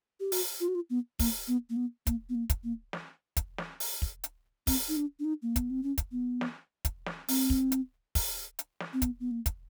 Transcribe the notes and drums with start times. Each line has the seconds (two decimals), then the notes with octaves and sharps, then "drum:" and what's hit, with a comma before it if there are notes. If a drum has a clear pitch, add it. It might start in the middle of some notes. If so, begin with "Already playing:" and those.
0.20 G4
0.32 F#4, drum: open hi-hat
0.60 F4
0.68 F#4
0.75 F4
0.90 B3
1.19 A#3, drum: kick, open hi-hat
1.48 B3
1.70 A#3
1.76 B3
2.07 A#3, drum: kick, hi-hat
2.29 B3
2.35 A#3
2.50 drum: kick, hi-hat
2.64 A#3
2.93 drum: snare
3.37 drum: kick, hi-hat
3.58 drum: snare
3.80 drum: open hi-hat
4.02 drum: kick
4.24 drum: hi-hat
4.67 C4, drum: kick, open hi-hat
4.89 D#4
4.97 D4
5.19 D4
5.25 D#4
5.42 A#3
5.56 B3, drum: kick, hi-hat
5.70 C4
5.83 C#4
5.98 drum: kick, hi-hat
6.12 B3
6.41 drum: snare
6.85 drum: kick, hi-hat
7.06 drum: snare
7.28 C4, drum: open hi-hat
7.50 drum: kick
7.72 drum: hi-hat
8.15 drum: kick, open hi-hat
8.59 drum: hi-hat
8.80 drum: snare
8.93 C4
9.02 B3, drum: kick, hi-hat
9.20 B3
9.31 A#3
9.46 drum: kick, hi-hat